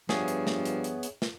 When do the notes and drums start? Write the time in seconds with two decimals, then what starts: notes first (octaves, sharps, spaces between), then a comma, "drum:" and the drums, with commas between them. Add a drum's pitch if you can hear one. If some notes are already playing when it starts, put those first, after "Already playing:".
0.09 G2 F3 B3 G#4 C#5 E5, drum: snare
0.28 drum: hi-hat
0.47 drum: snare
0.65 drum: hi-hat
0.84 drum: hi-hat
1.03 drum: hi-hat
1.22 drum: snare